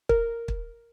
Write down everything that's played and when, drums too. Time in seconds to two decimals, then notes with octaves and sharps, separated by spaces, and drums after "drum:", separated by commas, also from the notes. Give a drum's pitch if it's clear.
0.09 A#4, drum: kick
0.48 drum: kick